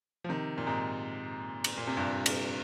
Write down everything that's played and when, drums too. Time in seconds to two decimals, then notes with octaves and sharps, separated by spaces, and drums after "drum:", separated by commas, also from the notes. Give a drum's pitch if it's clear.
0.24 F3
0.29 C3 D#3
0.58 A#2
0.66 G#2 C3
1.64 drum: cymbal
1.78 A#2
1.87 C3
1.97 G2 A#2
2.26 drum: cymbal